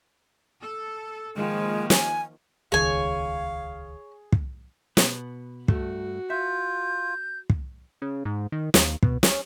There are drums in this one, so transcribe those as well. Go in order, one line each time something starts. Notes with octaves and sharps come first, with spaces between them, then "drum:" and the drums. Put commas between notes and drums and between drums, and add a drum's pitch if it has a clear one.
A4
D#3 F3 G#3 A#3
G#5, drum: snare
D#1 C#2 D#3 G#4 C#5 F5 G#5
drum: kick
B2 B3, drum: snare
G2 A3 F#4, drum: kick
F4 E5 G6
drum: kick
C#3
G#2
D#3
D#2, drum: snare
B2, drum: kick
C#4, drum: snare